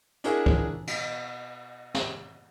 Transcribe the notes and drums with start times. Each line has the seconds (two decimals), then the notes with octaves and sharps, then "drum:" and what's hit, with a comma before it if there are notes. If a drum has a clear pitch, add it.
0.24 D4 E4 F#4 G#4 A#4, drum: hi-hat
0.46 drum: kick
0.87 B2, drum: cymbal
1.94 drum: snare